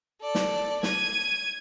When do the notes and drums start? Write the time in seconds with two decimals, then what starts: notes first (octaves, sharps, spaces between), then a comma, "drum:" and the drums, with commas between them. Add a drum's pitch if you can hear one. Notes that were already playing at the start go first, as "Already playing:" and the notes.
0.22 A4 D5
0.35 drum: snare
0.83 G#6 D#7, drum: snare